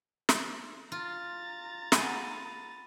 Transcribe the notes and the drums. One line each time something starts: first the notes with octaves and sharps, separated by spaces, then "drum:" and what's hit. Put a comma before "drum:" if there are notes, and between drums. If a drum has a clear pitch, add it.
drum: snare
F4 A#5 A6
A#3 G#4 F#5 B5 D#7, drum: snare